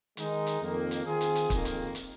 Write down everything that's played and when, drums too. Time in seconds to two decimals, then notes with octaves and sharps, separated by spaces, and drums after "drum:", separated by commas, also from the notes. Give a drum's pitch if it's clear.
0.17 D#3 G#3 D#4, drum: hi-hat
0.47 drum: hi-hat
0.61 F2 D#3 A#3
0.91 drum: hi-hat
1.06 D#3 C4 F4 G#4
1.21 drum: hi-hat
1.35 drum: hi-hat
1.50 F2 D#3 A#3, drum: kick, hi-hat
1.65 drum: hi-hat
1.95 drum: hi-hat